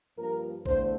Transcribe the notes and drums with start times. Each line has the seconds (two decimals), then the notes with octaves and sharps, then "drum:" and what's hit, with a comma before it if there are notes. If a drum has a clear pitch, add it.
0.18 G2 F3 A#3 A#4
0.65 E2 D3 A3 C5, drum: kick A#1